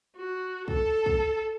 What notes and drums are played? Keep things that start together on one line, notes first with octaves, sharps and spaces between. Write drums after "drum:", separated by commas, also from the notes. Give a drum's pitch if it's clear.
F#4
A4, drum: kick
drum: kick